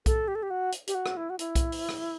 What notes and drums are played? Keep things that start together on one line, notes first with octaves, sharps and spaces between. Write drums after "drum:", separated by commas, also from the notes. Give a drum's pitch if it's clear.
A4, drum: kick B1, hi-hat
G4
A4
G4
F#4
drum: hi-hat
G4, drum: hi-hat
F#4
drum: rim click
E4
F#4
E4, drum: hi-hat
drum: kick B1, hi-hat
drum: open hi-hat
drum: rim click